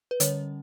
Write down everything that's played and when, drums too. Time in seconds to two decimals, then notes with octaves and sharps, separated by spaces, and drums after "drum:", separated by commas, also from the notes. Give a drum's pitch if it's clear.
0.11 B4
0.20 D3 G3 C#4 C#5, drum: hi-hat